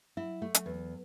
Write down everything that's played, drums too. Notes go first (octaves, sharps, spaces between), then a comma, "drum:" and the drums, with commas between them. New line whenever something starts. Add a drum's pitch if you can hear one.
F#3 E4
A3
F#3, drum: hi-hat
E2